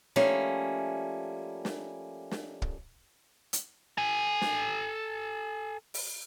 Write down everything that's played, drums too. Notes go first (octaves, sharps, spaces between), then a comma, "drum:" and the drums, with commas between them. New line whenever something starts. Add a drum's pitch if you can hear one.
F3 G3 A3 A#3 C#4, drum: snare
drum: snare
drum: snare
drum: kick
drum: hi-hat
A4 G#5
drum: snare
drum: open hi-hat